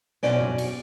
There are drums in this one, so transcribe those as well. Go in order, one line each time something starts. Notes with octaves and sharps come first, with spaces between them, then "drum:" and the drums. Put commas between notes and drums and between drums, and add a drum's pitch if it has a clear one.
F#2 B2 C#4 C5 D5 G#5, drum: snare
drum: tom F#2
drum: cymbal